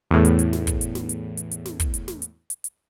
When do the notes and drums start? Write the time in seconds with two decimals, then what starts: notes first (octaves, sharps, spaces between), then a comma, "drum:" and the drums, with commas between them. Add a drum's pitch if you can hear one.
0.11 E2 A2
0.25 drum: hi-hat
0.39 drum: hi-hat
0.53 drum: snare
0.67 drum: kick, hi-hat
0.81 drum: hi-hat
0.95 drum: snare
1.09 drum: hi-hat
1.37 drum: hi-hat
1.51 drum: hi-hat
1.65 drum: snare
1.80 drum: kick, hi-hat
1.94 drum: hi-hat
2.08 drum: snare
2.22 drum: hi-hat
2.50 drum: hi-hat
2.64 drum: hi-hat